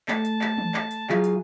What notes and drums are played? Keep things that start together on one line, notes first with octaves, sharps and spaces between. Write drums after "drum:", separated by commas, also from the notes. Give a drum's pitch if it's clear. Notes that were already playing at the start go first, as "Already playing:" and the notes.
A3 A5, drum: clap
drum: hi-hat
drum: clap
drum: tom E3
drum: clap
drum: hi-hat
F#3 F4 G#4 F5, drum: clap
drum: hi-hat